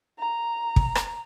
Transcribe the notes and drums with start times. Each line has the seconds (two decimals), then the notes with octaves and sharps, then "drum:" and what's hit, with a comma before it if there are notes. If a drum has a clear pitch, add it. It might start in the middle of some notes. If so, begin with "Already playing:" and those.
0.19 A#5
0.76 drum: kick
0.95 drum: rim click